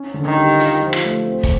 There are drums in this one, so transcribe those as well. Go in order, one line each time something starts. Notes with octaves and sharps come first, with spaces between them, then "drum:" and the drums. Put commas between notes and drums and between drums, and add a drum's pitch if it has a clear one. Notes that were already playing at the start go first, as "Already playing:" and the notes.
Already playing: C#4
D3
D#3
G3
F4, drum: hi-hat
F3
drum: rim click
A3
C4
drum: kick, hi-hat